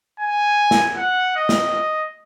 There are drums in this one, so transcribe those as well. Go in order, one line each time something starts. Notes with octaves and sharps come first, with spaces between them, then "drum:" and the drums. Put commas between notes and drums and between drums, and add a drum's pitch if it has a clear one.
G#5
drum: snare
F#5
D#5
drum: snare